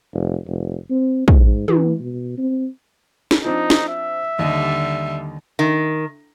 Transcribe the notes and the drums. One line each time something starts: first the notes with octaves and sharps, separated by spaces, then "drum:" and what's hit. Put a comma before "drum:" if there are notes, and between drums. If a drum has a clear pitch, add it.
F1
F1
C4
G#2, drum: kick
E3, drum: tom
B2
C4
drum: snare
F3 C4 D4 D#4
drum: snare
E5
D#2 D3 G3 D#5
D#3